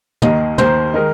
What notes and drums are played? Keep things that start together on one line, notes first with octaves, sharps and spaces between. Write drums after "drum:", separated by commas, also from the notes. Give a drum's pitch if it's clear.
D#2 D#3 A#3 D#5, drum: tom
D#2 D#3 A#3 C5, drum: tom
D#3 G#3 D#4 A#4